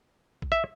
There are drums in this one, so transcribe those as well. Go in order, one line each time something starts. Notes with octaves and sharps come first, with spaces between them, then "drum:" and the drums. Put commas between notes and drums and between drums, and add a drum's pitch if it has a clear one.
drum: kick A#1
E5